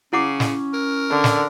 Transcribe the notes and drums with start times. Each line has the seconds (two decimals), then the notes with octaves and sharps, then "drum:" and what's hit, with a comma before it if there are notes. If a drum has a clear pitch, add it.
0.13 C#3 C#4 E4 F#5 D6
0.40 drum: snare
0.73 A#4
1.10 D3
1.24 drum: snare